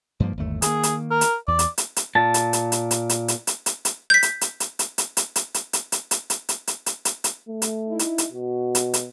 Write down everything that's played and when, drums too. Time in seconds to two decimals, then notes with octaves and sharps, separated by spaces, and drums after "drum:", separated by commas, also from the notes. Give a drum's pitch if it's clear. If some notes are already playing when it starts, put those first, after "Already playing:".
0.20 G2 F3 A#3
0.37 G1 D#2 A3
0.62 D#3 A#3 G#4, drum: hi-hat
0.83 drum: hi-hat
1.11 A#4
1.21 drum: hi-hat
1.48 E2 D5
1.59 drum: hi-hat
1.78 drum: hi-hat
1.96 drum: hi-hat
2.15 A#2 A5
2.34 drum: hi-hat
2.53 drum: hi-hat
2.72 drum: hi-hat
2.91 drum: hi-hat
3.09 drum: hi-hat
3.28 drum: hi-hat
3.47 drum: hi-hat
3.66 drum: hi-hat
3.85 drum: hi-hat
4.10 G6 B6
4.23 drum: hi-hat
4.41 drum: hi-hat
4.60 drum: hi-hat
4.79 drum: hi-hat
4.98 drum: hi-hat
5.17 drum: hi-hat
5.36 drum: hi-hat
5.54 drum: hi-hat
5.73 drum: hi-hat
5.92 drum: hi-hat
6.11 drum: hi-hat
6.30 drum: hi-hat
6.49 drum: hi-hat
6.67 drum: hi-hat
6.86 drum: hi-hat
7.05 drum: hi-hat
7.24 drum: hi-hat
7.48 A3
7.62 drum: hi-hat
7.87 D#4 E4
7.99 drum: hi-hat
8.18 drum: hi-hat
8.32 B2 F#4
8.75 drum: hi-hat
8.94 drum: hi-hat